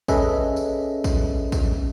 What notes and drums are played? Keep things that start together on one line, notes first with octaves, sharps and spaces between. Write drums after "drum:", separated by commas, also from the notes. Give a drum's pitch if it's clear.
C#4 G#4 A4 B4 D#5 E5, drum: kick, tambourine
drum: tambourine
drum: kick, tambourine
drum: kick, tambourine